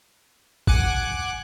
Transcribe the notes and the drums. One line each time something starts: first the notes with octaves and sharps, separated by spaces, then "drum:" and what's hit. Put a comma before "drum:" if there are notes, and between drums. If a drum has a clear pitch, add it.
F#5 G#5 D6 F#6, drum: kick